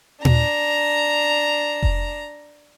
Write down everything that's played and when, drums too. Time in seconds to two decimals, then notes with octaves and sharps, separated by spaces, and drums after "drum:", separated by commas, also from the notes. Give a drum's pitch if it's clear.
0.25 D4 A#5, drum: tom A#2
1.83 drum: kick F1